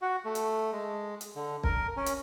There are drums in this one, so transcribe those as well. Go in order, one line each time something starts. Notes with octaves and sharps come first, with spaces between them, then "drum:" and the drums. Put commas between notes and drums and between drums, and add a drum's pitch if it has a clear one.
F#4
A3
drum: hi-hat
G#3
drum: hi-hat
D3
A#4, drum: kick
C#4
drum: hi-hat